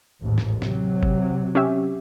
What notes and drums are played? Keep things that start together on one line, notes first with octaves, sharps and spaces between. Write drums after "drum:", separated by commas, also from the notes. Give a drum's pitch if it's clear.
A1 D#2 G#2
drum: snare
C3 F#3, drum: snare
drum: kick G1
C#4 G4 E5